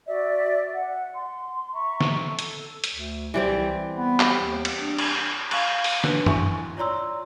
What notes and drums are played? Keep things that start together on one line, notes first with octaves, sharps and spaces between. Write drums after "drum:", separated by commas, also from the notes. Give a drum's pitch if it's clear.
F#4 D5 E5
F#5
C6
E5 A#5 C#6
drum: snare
A4
drum: hi-hat
drum: hi-hat
D2
C2 E3 G3 C4
B3
G4, drum: clap
D#2
drum: cymbal
D4
drum: cymbal
F5 C#6 F#6, drum: cymbal
drum: open hi-hat
D4 B4 F#6, drum: snare
E4 E5 G#5 C#6, drum: tom F#2
F4 C#5 D5 A#5 C6 E6